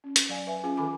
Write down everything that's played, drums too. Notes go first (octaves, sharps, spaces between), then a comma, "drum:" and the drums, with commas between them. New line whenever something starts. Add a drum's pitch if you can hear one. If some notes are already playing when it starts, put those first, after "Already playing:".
C#4
drum: hi-hat
F#3 D5 F5 G#5
B4 E5 F5 G#5
C#4 F4 G#4 F5 G#5
D#3 A4 G#5 B5 D6